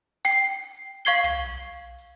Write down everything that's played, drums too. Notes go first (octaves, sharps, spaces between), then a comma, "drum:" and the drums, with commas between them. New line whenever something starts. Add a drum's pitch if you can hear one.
G5 C7, drum: open hi-hat
drum: hi-hat
F5 C#6 G#6 C7 G7
drum: tom
drum: hi-hat
drum: hi-hat
drum: hi-hat